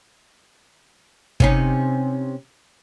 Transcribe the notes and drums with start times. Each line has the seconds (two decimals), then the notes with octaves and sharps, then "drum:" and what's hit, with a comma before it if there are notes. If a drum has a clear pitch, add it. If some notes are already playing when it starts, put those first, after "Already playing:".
1.40 C3 C#4 D#4, drum: kick